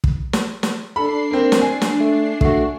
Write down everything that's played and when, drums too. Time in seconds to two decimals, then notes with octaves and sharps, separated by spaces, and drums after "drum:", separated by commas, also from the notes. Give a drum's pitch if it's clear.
0.04 drum: kick
0.33 drum: snare
0.63 drum: snare
0.96 D4 A4 B5 C7
1.31 A#3 C4
1.52 drum: snare
1.61 G#5
1.82 drum: snare
2.00 A3
2.41 A3 F#4, drum: kick